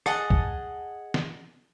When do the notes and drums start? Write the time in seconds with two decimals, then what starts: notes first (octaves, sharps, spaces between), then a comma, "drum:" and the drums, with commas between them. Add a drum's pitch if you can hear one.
0.06 G#4 D#5 F#5 A5, drum: rim click
0.30 drum: kick C#2
1.14 drum: snare